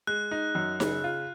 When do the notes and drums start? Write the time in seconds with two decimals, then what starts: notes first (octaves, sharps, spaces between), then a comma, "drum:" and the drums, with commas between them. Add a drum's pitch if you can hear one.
0.07 G#3 F#6
0.31 D#4
0.55 F#2
0.80 C#3, drum: snare D#4
1.04 F4